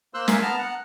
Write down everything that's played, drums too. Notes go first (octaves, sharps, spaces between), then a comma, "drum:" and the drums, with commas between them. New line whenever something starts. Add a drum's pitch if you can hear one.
A#3 C5 C6 E6 F#6
A#4 E5 F5 G#5, drum: snare
B3 A5 A#5 F6
F#5